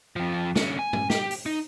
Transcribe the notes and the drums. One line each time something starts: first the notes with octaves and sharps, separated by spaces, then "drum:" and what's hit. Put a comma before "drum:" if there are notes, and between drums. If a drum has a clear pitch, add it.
F2 F3
D3 C#4, drum: snare
G#5
drum: tom
G4, drum: snare
drum: open hi-hat
D#4